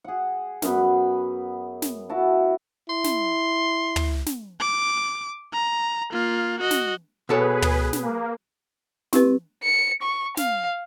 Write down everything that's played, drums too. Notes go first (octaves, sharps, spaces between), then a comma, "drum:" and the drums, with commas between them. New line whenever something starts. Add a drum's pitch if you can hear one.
G#4 F#5
F#2 B3 B5, drum: snare
drum: snare
E4 F#4 A5
E4 C6
drum: snare
drum: tom
drum: snare
D6
A#5
A#3 F4
F#4 D#5
drum: snare
B2 G#4 A4 B4 C#5
drum: tom
drum: snare
A#3
C4 E4 G4 B4, drum: snare
C#7
C#6
F5, drum: snare